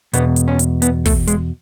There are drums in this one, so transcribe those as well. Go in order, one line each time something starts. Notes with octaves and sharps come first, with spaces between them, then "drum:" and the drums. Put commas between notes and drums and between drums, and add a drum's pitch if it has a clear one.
E2 B2 B3, drum: hi-hat
drum: hi-hat
C#4
drum: hi-hat
B3, drum: hi-hat
A3, drum: kick, open hi-hat
G#3, drum: hi-hat